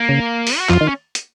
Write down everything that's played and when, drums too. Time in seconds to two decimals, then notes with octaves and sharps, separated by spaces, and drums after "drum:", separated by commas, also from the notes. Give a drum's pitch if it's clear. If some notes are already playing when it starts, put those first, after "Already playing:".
Already playing: A#3
0.09 C#3
0.47 drum: open hi-hat
0.58 F#4
0.69 F2 F3 F4, drum: clap
0.81 D#3
0.87 C#4
1.15 drum: hi-hat